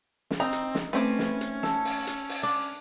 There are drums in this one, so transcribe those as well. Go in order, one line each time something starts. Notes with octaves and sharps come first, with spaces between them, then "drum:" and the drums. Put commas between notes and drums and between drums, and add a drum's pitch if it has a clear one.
drum: snare
C4 D#4 A#5
drum: hi-hat
drum: snare
A3 C4 C#4 B4 D6
drum: snare
drum: hi-hat
A4, drum: snare
drum: open hi-hat
drum: hi-hat
drum: open hi-hat
D4